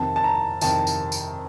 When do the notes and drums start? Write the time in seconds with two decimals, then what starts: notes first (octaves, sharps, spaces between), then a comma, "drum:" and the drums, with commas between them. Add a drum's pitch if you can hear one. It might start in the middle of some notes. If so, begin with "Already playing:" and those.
Already playing: F2 C3 D#3 A5
0.16 A5
0.24 A#5
0.61 F2 C3 D#3 A5, drum: tambourine
0.87 drum: tambourine
1.12 drum: tambourine